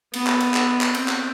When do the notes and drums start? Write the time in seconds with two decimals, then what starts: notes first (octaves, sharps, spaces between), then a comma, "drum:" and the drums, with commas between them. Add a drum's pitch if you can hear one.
0.14 B3, drum: cymbal
0.27 drum: clap
0.41 drum: cymbal
0.54 drum: clap
0.81 drum: clap
0.95 C4, drum: cymbal
1.08 drum: clap